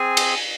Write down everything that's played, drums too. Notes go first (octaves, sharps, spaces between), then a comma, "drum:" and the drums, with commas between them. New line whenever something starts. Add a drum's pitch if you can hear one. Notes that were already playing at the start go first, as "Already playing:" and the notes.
Already playing: C4 G#4 G#5
drum: cymbal